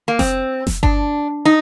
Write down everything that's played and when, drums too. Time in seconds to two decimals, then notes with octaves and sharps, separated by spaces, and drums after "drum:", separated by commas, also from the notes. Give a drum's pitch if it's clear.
0.08 A#3
0.19 C4, drum: snare F1
0.67 drum: snare F1
0.83 D4, drum: kick G1
1.45 D#4